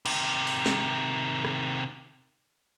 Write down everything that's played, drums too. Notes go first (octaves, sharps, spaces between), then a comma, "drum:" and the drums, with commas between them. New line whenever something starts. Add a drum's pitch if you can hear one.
C3 D#3, drum: cymbal
drum: open hi-hat
drum: snare
drum: rim click